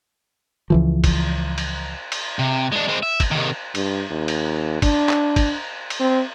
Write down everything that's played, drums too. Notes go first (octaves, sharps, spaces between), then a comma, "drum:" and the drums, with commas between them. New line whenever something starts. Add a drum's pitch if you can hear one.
C#2 E3 F3
drum: kick, cymbal
drum: cymbal
drum: cymbal
C3
G#3 D4
G#3 C4
E5
drum: kick, cymbal
C3 D#3
G2, drum: cymbal
D#2
drum: cymbal
D4, drum: kick, cymbal
drum: clap
drum: kick, cymbal
drum: cymbal
C4